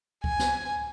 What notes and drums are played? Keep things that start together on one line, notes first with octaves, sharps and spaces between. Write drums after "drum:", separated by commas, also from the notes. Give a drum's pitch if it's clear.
G#5, drum: kick C2
drum: snare